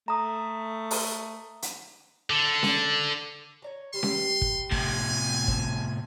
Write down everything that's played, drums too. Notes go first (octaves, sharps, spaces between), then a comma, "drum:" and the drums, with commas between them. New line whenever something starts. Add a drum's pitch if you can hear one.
A3 A#5 D#6
drum: open hi-hat
drum: hi-hat
D3
drum: snare C#4
C#5 D5 A#5
G3 G4 B4 C6
drum: snare C#4
drum: kick
A2 C3 G#5, drum: kick
F5 G5
C4 C5 A5, drum: kick